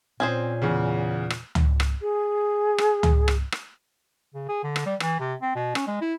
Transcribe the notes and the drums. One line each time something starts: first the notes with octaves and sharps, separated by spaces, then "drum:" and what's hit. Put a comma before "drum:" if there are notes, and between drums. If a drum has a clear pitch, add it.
A#2 C4 C#4 G#4 C5
E2 C#3
drum: rim click
drum: tom C#2
drum: rim click
G#4
drum: rim click
drum: tom C#2
drum: rim click
drum: rim click
C#3
G#4
D3
drum: rim click
G3
E3, drum: rim click
C3
C4
B2
C#4, drum: rim click
G#3
E4